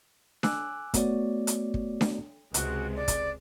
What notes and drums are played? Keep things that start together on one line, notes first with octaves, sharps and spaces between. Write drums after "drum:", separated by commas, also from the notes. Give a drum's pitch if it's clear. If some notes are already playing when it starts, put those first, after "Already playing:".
G#5 D6 E6 F#6, drum: snare D4
A3 B3 F#4 C#5 D5, drum: kick, hi-hat
drum: hi-hat
drum: kick
drum: snare D4
C#2 C3 G#3 F#4, drum: hi-hat
D5
drum: kick, hi-hat